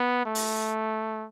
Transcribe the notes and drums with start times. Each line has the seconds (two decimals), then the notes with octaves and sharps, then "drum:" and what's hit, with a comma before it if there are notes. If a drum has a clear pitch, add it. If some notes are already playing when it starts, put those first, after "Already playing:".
Already playing: B3
0.26 A3
0.35 drum: open hi-hat